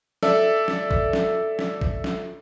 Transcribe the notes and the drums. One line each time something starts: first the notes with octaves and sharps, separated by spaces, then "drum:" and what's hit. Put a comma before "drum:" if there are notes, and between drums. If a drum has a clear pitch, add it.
A4 D5 E5, drum: snare
drum: snare
drum: kick
drum: snare
drum: snare
drum: kick
drum: snare